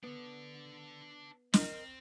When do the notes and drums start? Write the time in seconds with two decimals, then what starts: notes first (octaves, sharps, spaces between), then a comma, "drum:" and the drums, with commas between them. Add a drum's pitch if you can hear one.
0.04 B3 D4 A4
1.54 C4 A#4 D#5, drum: snare